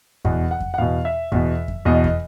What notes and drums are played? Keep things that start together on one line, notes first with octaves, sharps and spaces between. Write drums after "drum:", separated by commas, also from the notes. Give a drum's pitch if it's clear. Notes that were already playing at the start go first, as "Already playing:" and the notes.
E2 B2 F#5, drum: kick F2
F#5
drum: kick F2
F#5
E2 B2 F5
E5
E2 B2, drum: kick F2
drum: kick F2
E2 B2 D#5
drum: kick F2